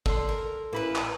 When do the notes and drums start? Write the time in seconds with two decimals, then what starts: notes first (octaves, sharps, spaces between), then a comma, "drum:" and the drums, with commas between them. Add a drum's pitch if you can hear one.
0.06 D3 A4 C6, drum: kick
0.29 A#4
0.73 A1 E3 A#3 E4 B4 B5
0.96 drum: clap